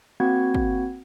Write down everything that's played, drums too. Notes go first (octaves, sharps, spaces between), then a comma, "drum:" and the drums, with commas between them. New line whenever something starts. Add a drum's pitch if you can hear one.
A#3 C4 F#4 F#5 B5 G#6
drum: kick